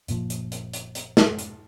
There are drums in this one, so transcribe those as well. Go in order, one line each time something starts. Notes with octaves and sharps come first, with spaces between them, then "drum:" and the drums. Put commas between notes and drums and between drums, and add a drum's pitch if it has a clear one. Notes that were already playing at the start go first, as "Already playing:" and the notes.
F#1 A#2 F3, drum: hi-hat
drum: hi-hat
drum: hi-hat
drum: hi-hat
drum: hi-hat
drum: snare
drum: hi-hat